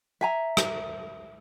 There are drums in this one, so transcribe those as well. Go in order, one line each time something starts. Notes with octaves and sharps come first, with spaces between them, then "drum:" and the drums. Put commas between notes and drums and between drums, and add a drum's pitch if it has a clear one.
E5 G#5 A#5
drum: rim click